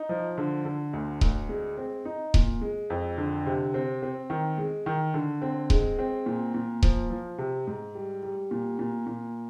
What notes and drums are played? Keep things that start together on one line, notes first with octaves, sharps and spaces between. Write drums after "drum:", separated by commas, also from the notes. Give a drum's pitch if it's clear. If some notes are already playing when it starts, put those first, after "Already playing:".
Already playing: D#4
F3
D3
D3
D2
D2, drum: kick D#1
G#3
C4
D#4
A#2, drum: kick D#1
G#3
F2
D3
C3
C4
C4
D#3
G#3
D#3
D3
C4
G#3, drum: kick D#1
C4
A#2
A#2
F3, drum: kick D#1
F3
C3
G#2
G3
G3
A#2
A#2
A#2